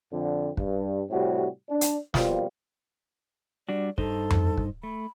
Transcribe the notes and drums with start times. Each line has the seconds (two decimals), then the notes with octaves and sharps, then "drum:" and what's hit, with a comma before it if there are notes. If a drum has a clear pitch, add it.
0.12 F2 D3 C4
0.57 G2, drum: kick
1.10 A2 C3 G3 C4 F#4
1.69 D4
1.81 drum: hi-hat
2.14 F2 B2 F3 G3 A#3 F4, drum: snare
3.69 G3 D4 F#4 D5
3.98 G2 D#4 A4 C5, drum: kick
4.30 drum: tom F2
4.57 drum: kick
4.83 A3 B5